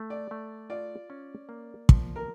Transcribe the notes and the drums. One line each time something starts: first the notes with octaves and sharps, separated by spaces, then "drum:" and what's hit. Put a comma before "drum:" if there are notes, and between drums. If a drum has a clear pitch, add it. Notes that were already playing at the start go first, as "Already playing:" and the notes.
Already playing: A3
D5
A3
F4 D5
C#4
A#3
F3, drum: kick
A#4